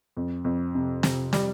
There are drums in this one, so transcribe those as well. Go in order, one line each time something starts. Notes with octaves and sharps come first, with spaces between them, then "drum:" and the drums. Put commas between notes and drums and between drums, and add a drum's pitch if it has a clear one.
F2
F2
C3
C3, drum: snare
G3, drum: snare